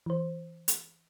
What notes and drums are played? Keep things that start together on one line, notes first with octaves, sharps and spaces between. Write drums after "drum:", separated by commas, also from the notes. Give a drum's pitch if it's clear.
E3 C5
drum: hi-hat